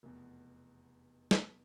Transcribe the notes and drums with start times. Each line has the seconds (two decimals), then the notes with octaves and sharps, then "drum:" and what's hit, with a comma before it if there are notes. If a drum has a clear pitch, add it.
0.03 F1 E2 B2
1.31 drum: snare